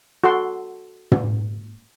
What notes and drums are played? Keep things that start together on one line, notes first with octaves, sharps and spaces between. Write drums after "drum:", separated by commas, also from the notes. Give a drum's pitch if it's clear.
F#4 A4 F#5 C6
drum: tom